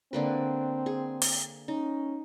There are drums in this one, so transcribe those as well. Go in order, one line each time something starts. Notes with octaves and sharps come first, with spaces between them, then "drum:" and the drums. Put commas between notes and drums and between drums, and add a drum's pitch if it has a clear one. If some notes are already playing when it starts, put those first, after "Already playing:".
D3 A#3 C4 B4
G#4
drum: open hi-hat
C#4 D#4